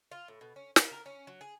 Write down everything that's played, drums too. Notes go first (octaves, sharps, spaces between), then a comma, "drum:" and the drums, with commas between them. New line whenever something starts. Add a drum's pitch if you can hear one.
F4
A2
B2
C#4
A#3, drum: snare
A#4
C#4
F#3
G#4